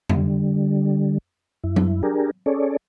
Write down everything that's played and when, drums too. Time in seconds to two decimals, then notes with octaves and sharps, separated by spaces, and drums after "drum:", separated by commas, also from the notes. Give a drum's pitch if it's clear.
0.09 D3 G3, drum: tom F2
1.64 F#2 E4
1.76 drum: tom F#3
2.03 D4 G4 G#4 A#4
2.46 C#4 G#4 A4 C#5 D5